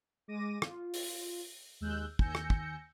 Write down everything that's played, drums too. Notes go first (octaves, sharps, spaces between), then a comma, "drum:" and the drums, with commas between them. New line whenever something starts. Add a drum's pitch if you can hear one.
G#3 D6 A#6 D#7
F4, drum: rim click
drum: open hi-hat
D#2 G#3 E6 F#6 G6
D#2 G#5 E6 G6 A#6 C#7, drum: kick
drum: rim click
drum: kick